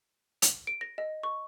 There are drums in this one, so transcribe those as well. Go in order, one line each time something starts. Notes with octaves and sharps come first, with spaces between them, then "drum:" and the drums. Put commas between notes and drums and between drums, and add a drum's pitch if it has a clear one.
F7, drum: hi-hat
D7
A#6
D#5
C#6